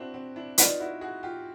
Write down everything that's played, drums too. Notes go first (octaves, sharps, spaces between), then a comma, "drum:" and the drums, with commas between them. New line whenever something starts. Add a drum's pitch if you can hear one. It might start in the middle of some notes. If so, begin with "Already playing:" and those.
Already playing: C4 D4 E4 F#4
C4
D4 E4
D#4 F4 G#4 B4 D5, drum: hi-hat
E4 F#4
F#4 G#4
F4 G4